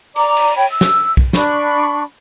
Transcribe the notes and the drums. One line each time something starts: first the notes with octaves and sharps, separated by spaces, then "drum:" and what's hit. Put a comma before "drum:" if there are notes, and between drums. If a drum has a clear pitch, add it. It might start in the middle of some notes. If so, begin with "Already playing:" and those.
D5 A#5 D6, drum: open hi-hat
drum: cymbal
C#5 G5 B5
E6
drum: snare
drum: kick
D4 B5 C#6, drum: snare